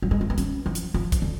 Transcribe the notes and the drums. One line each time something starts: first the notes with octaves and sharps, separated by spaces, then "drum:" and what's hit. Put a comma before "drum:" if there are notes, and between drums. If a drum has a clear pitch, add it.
F#3
G#3
A3
B3
C#4, drum: hi-hat
F3
drum: hi-hat
F3
drum: kick, hi-hat
D3